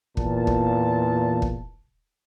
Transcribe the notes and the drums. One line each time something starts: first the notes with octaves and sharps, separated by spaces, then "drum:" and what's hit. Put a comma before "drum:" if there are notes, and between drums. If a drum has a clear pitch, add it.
E2 A#2 A5, drum: kick
drum: kick
drum: kick